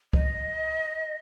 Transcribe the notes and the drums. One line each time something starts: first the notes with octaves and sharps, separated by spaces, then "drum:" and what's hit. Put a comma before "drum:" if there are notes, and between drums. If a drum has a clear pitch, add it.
D#5, drum: kick C#2